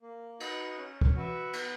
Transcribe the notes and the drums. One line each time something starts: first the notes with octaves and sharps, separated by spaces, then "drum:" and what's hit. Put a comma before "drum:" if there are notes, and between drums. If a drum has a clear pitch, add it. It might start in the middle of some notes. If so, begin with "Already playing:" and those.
A#3
D#4 F#4 B4, drum: cymbal
C#4
drum: kick
F#4 B4 E5
B3, drum: cymbal